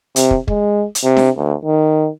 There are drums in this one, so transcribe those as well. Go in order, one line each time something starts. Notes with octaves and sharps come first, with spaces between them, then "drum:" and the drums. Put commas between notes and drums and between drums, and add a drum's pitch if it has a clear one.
C3, drum: hi-hat
drum: kick
G#3, drum: kick
drum: hi-hat
C3
drum: snare D4
D2
D#3